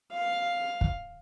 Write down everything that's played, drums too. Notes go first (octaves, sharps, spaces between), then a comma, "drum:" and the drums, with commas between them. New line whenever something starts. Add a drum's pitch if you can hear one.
F5
drum: kick